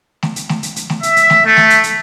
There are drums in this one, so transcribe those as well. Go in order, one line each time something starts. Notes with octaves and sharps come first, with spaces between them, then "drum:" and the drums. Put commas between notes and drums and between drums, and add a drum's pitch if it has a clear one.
drum: snare A3
drum: hi-hat
drum: snare A3
drum: hi-hat
drum: hi-hat
drum: snare A3
E5, drum: hi-hat
drum: hi-hat
drum: snare A3
A3
drum: snare A3
drum: hi-hat
drum: hi-hat